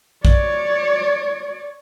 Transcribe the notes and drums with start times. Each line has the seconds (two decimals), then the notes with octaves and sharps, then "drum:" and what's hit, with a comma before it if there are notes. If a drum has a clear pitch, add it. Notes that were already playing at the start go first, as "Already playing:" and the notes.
0.25 C#5 D5, drum: kick